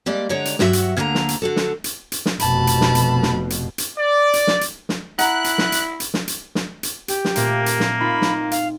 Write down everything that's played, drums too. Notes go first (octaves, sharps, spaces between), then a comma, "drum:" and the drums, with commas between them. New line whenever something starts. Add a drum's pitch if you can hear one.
G3 G#3 A#3 D5
D3 G#3 C#5 D5 F#5 A#5
drum: hi-hat
G2 F#3 F#4 E5, drum: snare
drum: hi-hat
D2 D3 A#3 G#5 A#5
drum: snare
drum: hi-hat
D3 F#4 A4
drum: snare
drum: hi-hat
drum: hi-hat
drum: snare
F1 B2 A5 B5, drum: hi-hat
drum: hi-hat
drum: snare
drum: hi-hat
drum: snare
drum: hi-hat
drum: hi-hat
D5
drum: hi-hat
drum: snare
drum: hi-hat
drum: snare
E4 F#5 A#5 F#6, drum: hi-hat
drum: hi-hat
drum: snare
drum: hi-hat
drum: hi-hat
drum: snare
drum: hi-hat
drum: snare
drum: hi-hat
G4, drum: hi-hat
drum: snare
A#2 A3 A#3 C4, drum: hi-hat
drum: hi-hat
drum: snare
C4 D#4 F4 B5
drum: snare
F5, drum: hi-hat